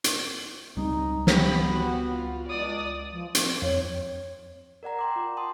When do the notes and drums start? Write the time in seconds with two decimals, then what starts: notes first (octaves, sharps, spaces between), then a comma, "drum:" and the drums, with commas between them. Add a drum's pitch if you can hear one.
0.04 drum: hi-hat
0.77 C#2 G3 C4 D#4
1.27 B3 G4 B5, drum: snare
1.70 F#4
2.10 F4
2.48 C#2 D5 D#6
3.13 F3
3.35 C4, drum: hi-hat
3.62 F2 C#5
4.83 A#4 D5 F#5 A#5
4.99 G5 C6 D6
5.16 F4
5.37 G5 A5 C6 D#6